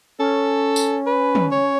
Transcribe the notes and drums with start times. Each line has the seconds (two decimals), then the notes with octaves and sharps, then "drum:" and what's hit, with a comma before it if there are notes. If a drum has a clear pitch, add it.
0.19 C#4 A4
0.76 drum: tambourine
1.07 B4
1.35 drum: tom
1.51 C#5